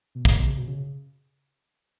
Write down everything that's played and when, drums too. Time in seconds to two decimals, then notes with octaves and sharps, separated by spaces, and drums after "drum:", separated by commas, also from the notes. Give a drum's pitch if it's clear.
0.15 B2
0.25 drum: kick
0.47 C#3
0.58 B2
0.68 C#3